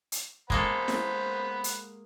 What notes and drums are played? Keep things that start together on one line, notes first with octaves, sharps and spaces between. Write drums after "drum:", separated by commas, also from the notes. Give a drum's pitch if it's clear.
drum: hi-hat
G#3 A#3 A4 C5 F#5 B5, drum: kick
drum: snare
drum: hi-hat